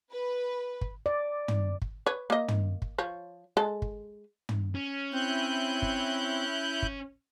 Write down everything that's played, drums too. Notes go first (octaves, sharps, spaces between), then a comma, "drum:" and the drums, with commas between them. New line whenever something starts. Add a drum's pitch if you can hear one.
B4
drum: kick
D5
drum: tom
drum: kick
B4 C#5
A#3 D#5
drum: tom
drum: kick
F3 C#5
G#3 A4
drum: kick
drum: tom
C#4
C4 E4 F#6 G6
drum: kick
drum: kick